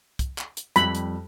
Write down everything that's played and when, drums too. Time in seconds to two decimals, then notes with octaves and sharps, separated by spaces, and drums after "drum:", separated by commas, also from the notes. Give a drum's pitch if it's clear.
0.19 drum: kick, hi-hat
0.38 drum: clap
0.57 drum: hi-hat
0.76 F2 G3 B5, drum: hi-hat
0.95 drum: hi-hat